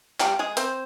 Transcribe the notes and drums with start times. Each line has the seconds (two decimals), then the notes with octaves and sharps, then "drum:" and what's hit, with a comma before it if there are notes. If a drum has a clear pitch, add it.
0.20 G3 G4, drum: clap
0.39 G#3 G#4
0.57 C4 C5, drum: hi-hat